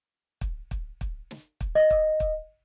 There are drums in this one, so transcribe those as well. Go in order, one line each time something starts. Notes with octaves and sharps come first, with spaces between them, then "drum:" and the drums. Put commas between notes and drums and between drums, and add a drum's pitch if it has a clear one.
drum: kick
drum: kick
drum: kick
drum: snare
drum: kick
D#5
drum: kick
drum: kick